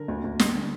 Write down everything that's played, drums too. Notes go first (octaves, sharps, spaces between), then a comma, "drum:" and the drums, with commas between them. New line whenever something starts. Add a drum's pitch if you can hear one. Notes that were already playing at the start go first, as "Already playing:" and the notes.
Already playing: D3 A#4
D2
D2
G3, drum: snare
D3